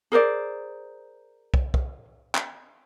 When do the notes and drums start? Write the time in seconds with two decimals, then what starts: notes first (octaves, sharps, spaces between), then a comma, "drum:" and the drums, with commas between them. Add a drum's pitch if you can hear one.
0.12 G#4 A#4 C5 D5
1.54 drum: kick
1.74 drum: kick
2.35 drum: clap